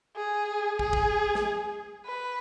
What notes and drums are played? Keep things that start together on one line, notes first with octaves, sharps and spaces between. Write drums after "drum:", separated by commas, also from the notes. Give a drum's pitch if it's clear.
G#4
G#4, drum: kick
drum: kick
drum: snare
B4